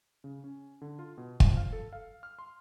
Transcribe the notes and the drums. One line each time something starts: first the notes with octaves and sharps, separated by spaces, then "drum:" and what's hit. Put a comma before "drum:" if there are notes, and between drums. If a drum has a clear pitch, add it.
C#3
C#4
D3
F4
B2
F3, drum: kick
F5
A4
F5
F6
C6